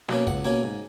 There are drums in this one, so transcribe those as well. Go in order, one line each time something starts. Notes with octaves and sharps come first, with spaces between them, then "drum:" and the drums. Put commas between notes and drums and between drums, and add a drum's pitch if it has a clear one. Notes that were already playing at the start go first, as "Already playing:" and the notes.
B2 A#3 C#4, drum: snare
C#2 F#5, drum: kick
B2 A#3 C#4 G#5
G#2